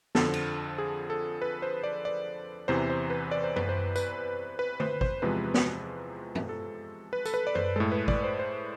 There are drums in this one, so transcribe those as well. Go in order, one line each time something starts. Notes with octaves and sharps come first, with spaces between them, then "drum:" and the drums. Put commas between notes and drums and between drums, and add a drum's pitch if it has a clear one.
F2 D3 F3 A4, drum: snare
drum: cymbal
G#4
A4
B4
C5
D5
D5
E2 C3 E3 C5
C5
B4
D5
C5
B4, drum: tom F#2
C5
B4, drum: tambourine
B4
C5, drum: tom D3
C5, drum: kick
E2 C3 F3 G#3 B4
drum: snare
drum: tom
A4
B4
A4, drum: tambourine
B4
D5
C5, drum: tom F#2
A2 G#3 A4
B4
D5, drum: kick
C5
C5